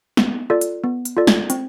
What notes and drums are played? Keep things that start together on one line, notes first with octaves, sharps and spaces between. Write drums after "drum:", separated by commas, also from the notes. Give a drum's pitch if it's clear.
B3, drum: snare
F4 A4 D5
drum: hi-hat
B3
drum: hi-hat
F4 A4 D5
drum: snare
C4, drum: hi-hat